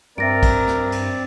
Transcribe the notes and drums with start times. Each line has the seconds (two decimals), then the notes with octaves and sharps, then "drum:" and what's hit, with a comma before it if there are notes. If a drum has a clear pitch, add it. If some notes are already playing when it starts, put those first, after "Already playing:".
0.18 G2 C4 A#4 D5 E5 A#6 D7
0.43 drum: kick A#1, cymbal
0.67 drum: snare
0.92 drum: cymbal